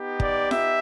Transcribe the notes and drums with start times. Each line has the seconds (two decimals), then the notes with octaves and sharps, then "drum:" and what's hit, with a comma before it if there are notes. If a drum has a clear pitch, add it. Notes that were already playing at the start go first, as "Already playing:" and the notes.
Already playing: B3 D#4 G4
0.20 D5, drum: kick
0.51 E5, drum: snare F4